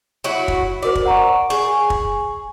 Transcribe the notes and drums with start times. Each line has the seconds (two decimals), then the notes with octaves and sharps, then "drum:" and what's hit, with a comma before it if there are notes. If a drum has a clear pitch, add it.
0.24 F#3 E4 F#4
0.48 drum: kick
0.83 F#4 A#4 C5 D5
0.95 drum: kick
1.06 F#5 A#5 C#6
1.50 G#4 C#6
1.90 drum: kick